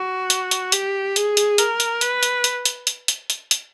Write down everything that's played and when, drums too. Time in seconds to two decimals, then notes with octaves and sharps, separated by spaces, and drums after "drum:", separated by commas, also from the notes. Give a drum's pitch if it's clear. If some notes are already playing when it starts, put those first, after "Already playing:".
Already playing: F#4
0.30 drum: hi-hat
0.51 drum: hi-hat
0.72 G4, drum: hi-hat
1.16 G#4, drum: hi-hat
1.37 drum: hi-hat
1.58 A#4, drum: hi-hat
1.80 drum: hi-hat
2.01 B4, drum: hi-hat
2.23 drum: hi-hat
2.44 drum: hi-hat
2.65 drum: hi-hat
2.87 drum: hi-hat
3.08 drum: hi-hat
3.30 drum: hi-hat
3.51 drum: hi-hat